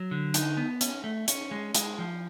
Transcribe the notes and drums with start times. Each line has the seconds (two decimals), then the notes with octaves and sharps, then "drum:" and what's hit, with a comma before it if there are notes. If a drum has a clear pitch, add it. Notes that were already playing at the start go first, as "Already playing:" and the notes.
Already playing: F#3
0.11 D3
0.34 D#4, drum: hi-hat
0.57 B3
0.81 C#4, drum: hi-hat
1.04 A3
1.28 C#4, drum: hi-hat
1.51 G#3
1.75 G#3, drum: hi-hat
1.98 F3